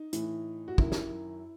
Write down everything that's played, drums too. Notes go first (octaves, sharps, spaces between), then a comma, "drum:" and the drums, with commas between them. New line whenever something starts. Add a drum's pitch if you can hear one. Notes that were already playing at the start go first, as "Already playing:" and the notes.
Already playing: D#4
A2 E3, drum: hi-hat
F#4
F#2 D#3 E4, drum: kick
drum: snare